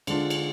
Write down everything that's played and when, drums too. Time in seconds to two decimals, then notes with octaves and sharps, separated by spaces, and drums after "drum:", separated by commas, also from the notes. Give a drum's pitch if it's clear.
0.07 D3 G#3 D4 F4, drum: cymbal
0.30 drum: cymbal